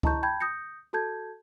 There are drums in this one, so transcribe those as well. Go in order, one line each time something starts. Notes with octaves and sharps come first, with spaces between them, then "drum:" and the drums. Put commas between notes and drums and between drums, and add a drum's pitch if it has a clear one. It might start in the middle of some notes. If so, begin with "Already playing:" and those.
E4 D#5 A5 A#5 C#6 G6, drum: kick C#2
G5 A5 B5 G6 G#6
D#6 G6 A#6 C#7
F#4 A4 A5 G6 G#6